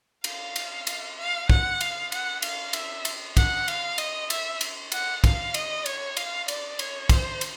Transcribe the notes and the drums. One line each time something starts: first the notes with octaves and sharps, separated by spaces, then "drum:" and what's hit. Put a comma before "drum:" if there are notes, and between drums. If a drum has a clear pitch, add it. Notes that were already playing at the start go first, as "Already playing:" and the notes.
F5, drum: cymbal
drum: cymbal
drum: cymbal
F5
F#5, drum: kick
F5, drum: cymbal
F#5, drum: cymbal
F5, drum: cymbal
E5, drum: cymbal
drum: cymbal
F#5, drum: kick, cymbal
F5, drum: cymbal
D#5, drum: cymbal
E5, drum: cymbal
drum: cymbal
F#5, drum: cymbal
F5, drum: kick, cymbal
D#5, drum: cymbal
C#5, drum: cymbal
F5, drum: cymbal
D5, drum: cymbal
C#5, drum: cymbal
C5, drum: kick, cymbal
drum: cymbal